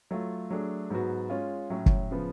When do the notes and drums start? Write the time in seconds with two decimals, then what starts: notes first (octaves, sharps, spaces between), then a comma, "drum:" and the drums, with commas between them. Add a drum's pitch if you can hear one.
0.11 F#3 A3 F4
0.51 F#3 A3 D4 G#4
0.90 G#2 F#3 B3 F#4
1.30 G#3 C#4 F4
1.70 A2 F#3 C#4
1.86 drum: kick
2.11 C#3 F3 B3